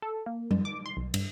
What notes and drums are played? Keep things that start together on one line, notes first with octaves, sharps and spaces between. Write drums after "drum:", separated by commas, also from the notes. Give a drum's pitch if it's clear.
A4
A#3
F#2, drum: tom G3
D6
C6
B1
G2, drum: cymbal